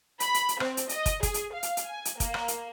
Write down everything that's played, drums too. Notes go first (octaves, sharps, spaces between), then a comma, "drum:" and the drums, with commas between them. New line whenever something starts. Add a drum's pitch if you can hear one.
B5, drum: hi-hat
drum: hi-hat
drum: hi-hat
C4, drum: rim click
drum: hi-hat
D#5, drum: hi-hat
drum: kick, hi-hat
G#4, drum: kick, hi-hat
drum: hi-hat
F5
drum: hi-hat
drum: hi-hat
G#5
drum: hi-hat
A#3, drum: kick, hi-hat
drum: rim click
drum: hi-hat